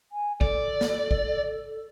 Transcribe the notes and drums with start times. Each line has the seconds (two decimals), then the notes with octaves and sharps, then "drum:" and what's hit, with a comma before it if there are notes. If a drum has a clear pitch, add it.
0.12 G#5
0.41 A4 D5, drum: kick G#1
0.81 drum: snare
1.11 drum: kick G#1